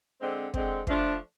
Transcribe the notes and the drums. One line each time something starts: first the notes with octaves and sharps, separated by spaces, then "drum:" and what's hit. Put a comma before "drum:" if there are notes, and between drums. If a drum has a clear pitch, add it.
D3 G#3 C4
D3 G#3 C4, drum: kick
F3 A3 D4 F4, drum: kick